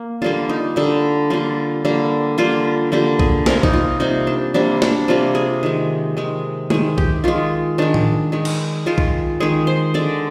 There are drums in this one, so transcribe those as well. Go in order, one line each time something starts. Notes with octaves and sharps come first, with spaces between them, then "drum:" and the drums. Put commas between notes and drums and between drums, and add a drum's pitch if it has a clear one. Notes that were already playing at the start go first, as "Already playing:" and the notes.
Already playing: A#3
D3 G3 A#3 F4
D#4
D3 G3 A#3
D3 G3 A#3 F4
D3 G3 A#3
D3 G3 A#3 F4
D3 G3 A#3 G4
G#4, drum: kick B1
C3 G3 A#3 A#4, drum: snare
D#4, drum: kick B1
F4
C3 G3 A#3 D#4
D4
C3 G3 A#3 D4
D4, drum: snare
C3 G3 A#3 F4
G#4
D#3 G#3
D#3 G#3
D#3 G#3 G#4, drum: tom G#3
G4, drum: kick B1
D#3 G#3 F4
D#3 G#3 D4
drum: tom A2
D#3 G#3
drum: cymbal
D#3 G#3 F4
drum: kick B1
D#3 G#3 G#4
C5
D3 G#3 D5